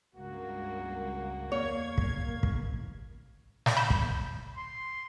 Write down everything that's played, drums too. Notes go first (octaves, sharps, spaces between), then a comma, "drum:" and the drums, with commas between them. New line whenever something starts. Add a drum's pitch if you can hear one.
C#2 G2 A#3 F#4
E2 A#3 C#5 F5 G#6
drum: kick
A1, drum: kick
drum: snare
B5 G6 E7
drum: kick
C6